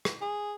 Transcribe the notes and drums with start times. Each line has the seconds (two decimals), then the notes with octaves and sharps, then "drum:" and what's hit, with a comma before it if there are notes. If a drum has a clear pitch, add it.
0.05 drum: rim click
0.21 G#4